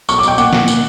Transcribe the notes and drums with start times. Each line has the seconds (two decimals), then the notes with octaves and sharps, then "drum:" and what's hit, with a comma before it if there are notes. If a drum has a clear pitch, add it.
0.09 B1 C#6, drum: tambourine
0.19 D6
0.23 B2 G5, drum: tambourine
0.38 A#2 F#5, drum: tambourine
0.53 A#2, drum: snare
0.68 A#2, drum: tambourine